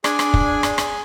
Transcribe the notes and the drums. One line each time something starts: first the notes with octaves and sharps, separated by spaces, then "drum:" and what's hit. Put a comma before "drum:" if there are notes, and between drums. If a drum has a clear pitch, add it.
D4 G#4 G#5, drum: rim click
drum: rim click
drum: kick
drum: rim click
drum: rim click